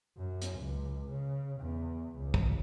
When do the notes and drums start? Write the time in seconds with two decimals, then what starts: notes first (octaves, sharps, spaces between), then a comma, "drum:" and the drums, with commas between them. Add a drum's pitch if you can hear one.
0.17 F#2
0.42 drum: hi-hat
0.60 C#2
1.10 C#3
1.61 E2
2.17 C#2
2.34 drum: kick